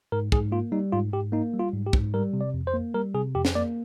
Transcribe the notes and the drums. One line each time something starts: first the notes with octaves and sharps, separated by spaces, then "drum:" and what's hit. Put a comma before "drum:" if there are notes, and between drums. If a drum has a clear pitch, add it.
G#2 A#4
G#2 G#4, drum: kick
A#3 F4
G3 D#4
G#2 F4
G#2 G4
A#3 D#4
G3
F4
G#2
G4
G#2, drum: kick
G3 A#4
C3
D5
F2
C5
A#3
G3 A#4
C3 G#4
F2 G4
drum: snare
A#3 D5